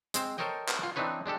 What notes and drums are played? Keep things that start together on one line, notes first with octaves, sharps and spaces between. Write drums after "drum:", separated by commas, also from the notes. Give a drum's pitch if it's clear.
G#3 C4 C5, drum: hi-hat
A4 A#4 C5 C#5 D#5 G5
drum: clap
F4
E3 C4 D4 D#4 B4 C#5
G#3 D4 G4 A4